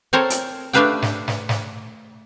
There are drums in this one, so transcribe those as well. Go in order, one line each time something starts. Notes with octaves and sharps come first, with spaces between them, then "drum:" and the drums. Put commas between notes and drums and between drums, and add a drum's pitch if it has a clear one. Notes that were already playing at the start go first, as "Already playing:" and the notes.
C4 A4 A#4 C5 C#5
drum: hi-hat
A3 D4 G4 B4 F5 G5
drum: snare
drum: snare
drum: snare